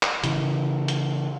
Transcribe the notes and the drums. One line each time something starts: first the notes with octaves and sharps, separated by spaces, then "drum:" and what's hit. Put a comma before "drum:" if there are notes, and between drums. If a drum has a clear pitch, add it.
drum: clap
C#3 E3, drum: hi-hat
drum: hi-hat